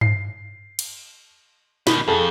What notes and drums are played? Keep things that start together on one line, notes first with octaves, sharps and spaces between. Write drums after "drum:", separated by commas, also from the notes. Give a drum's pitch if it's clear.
C7, drum: tom G2
drum: cymbal
B2 D#3, drum: snare
F2 G#4 A4